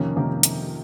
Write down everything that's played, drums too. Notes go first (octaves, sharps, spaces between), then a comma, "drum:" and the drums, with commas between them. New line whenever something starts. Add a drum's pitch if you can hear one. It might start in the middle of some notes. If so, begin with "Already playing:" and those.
Already playing: F2 C3 D#3 A#3 C#4
F2 C3 D#3 A#3 C#4
drum: hi-hat